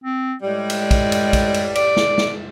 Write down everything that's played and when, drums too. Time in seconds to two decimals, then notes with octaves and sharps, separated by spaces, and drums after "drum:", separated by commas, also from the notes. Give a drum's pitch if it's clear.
0.04 C4
0.43 A2 G3 G#3
0.70 drum: cymbal
0.91 drum: kick, cymbal
1.12 drum: cymbal
1.33 drum: kick, cymbal
1.54 drum: cymbal
1.75 D5, drum: cymbal
1.97 drum: snare
2.18 drum: snare